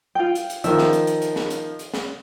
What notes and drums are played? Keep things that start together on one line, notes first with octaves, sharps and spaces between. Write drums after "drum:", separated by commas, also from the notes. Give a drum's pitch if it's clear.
F4 G5
drum: hi-hat
drum: hi-hat
D#3 F3 E5, drum: hi-hat
drum: snare
drum: hi-hat
drum: hi-hat
drum: hi-hat
drum: snare
drum: hi-hat
drum: hi-hat
drum: snare